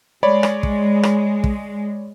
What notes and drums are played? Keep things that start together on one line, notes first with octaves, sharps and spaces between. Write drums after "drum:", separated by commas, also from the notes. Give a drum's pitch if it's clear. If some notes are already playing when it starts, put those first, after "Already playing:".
G#3 C#5 D5 B5
drum: rim click
drum: kick
drum: rim click
drum: kick